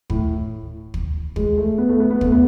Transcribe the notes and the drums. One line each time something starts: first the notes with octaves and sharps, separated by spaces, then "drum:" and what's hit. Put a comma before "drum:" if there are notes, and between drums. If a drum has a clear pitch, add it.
A2, drum: kick
drum: kick
G#3, drum: kick
A3
B3
A3
B3
B3
A3, drum: kick
B3